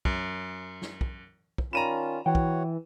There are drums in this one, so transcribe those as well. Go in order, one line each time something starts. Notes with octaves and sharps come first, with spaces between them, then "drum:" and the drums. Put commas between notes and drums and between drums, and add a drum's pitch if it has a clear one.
F#2, drum: kick
drum: snare
drum: kick
drum: kick
D#3 C#4 F4 D5 A#5 B5 D#7 E7
E3 F#4 C#5 F#5 G5
drum: kick